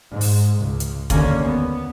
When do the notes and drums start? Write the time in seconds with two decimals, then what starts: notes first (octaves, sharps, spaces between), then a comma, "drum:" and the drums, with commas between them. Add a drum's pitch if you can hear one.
0.10 G#2
0.21 drum: open hi-hat
0.58 C#2
0.80 drum: hi-hat
1.10 D#2 D3 A#3 C#4, drum: kick, hi-hat
1.43 B3